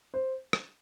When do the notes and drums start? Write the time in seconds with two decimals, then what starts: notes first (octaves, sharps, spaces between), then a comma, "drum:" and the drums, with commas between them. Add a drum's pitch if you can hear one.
0.14 C5
0.53 drum: rim click